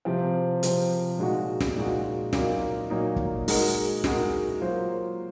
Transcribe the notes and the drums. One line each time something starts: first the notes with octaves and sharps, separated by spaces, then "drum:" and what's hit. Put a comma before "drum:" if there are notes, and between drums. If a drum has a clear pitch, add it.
C3 F3 C4
C3 F3 C4, drum: hi-hat
A#2 G#3 D#4 F#4
drum: snare
A#2 G#3 D#4 F#4
A#2 F#3 A#3 D#4, drum: snare
A#2 F#3 A#3 D#4
drum: kick
G#3 D#4 F#4 A#4, drum: open hi-hat
G#3 D#4 F#4 A#4, drum: snare
F#3 A#3 F4 C5